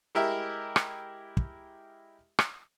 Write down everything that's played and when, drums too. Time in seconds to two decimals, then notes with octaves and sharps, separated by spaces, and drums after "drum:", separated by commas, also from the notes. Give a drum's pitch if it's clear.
0.15 G#3 E4 G4 A#4 E5
0.76 drum: rim click
1.37 drum: kick
2.39 drum: rim click